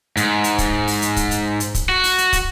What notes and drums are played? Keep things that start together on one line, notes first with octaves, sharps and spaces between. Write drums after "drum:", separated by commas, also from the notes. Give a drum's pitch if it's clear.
G#2, drum: hi-hat
drum: hi-hat
drum: kick, hi-hat
drum: open hi-hat
drum: hi-hat
drum: kick, hi-hat
drum: hi-hat
drum: hi-hat
drum: kick, hi-hat
F#4
drum: open hi-hat
drum: hi-hat
drum: kick, hi-hat